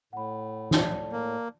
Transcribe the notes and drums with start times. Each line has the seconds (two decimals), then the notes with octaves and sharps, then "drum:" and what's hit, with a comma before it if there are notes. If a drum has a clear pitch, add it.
0.13 A2 F#5 B5
0.71 D5 A5, drum: snare
1.12 A#3